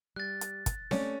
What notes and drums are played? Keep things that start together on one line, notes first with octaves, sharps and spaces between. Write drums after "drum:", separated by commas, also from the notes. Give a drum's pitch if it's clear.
G3 F#6 A6
drum: hi-hat
drum: kick, hi-hat
A3 C#4 D5, drum: snare C4